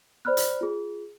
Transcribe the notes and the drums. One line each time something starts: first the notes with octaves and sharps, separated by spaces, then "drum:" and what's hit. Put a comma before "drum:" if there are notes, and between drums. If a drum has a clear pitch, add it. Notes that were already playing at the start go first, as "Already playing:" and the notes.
C5 D5 B5 F6 F#6
drum: hi-hat
F4 G#4